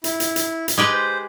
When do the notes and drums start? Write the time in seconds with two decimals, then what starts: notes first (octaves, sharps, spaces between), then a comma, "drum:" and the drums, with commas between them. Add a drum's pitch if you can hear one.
0.04 E4, drum: hi-hat
0.20 drum: hi-hat
0.36 drum: hi-hat
0.68 drum: hi-hat
0.78 G#3 G4 B4
0.93 C5